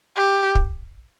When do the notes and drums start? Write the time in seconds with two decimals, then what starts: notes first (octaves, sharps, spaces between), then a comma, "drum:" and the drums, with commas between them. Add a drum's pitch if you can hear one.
0.17 G4
0.55 drum: kick